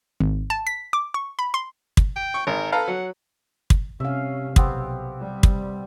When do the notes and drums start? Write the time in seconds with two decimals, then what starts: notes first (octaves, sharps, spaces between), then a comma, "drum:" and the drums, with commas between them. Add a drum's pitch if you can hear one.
0.20 G#1
0.50 A5
0.67 B6
0.93 D6
1.14 C#6
1.39 B5
1.54 C6
1.97 drum: kick
2.16 G5
2.34 C#6
2.47 G#1 A#4
2.72 A4 B4 F5 A#5
2.88 F#3 F#5
3.70 drum: kick
4.00 C3 C#4 E5 F5
4.56 B1 B3 C4 G4, drum: kick
5.20 G3
5.43 drum: kick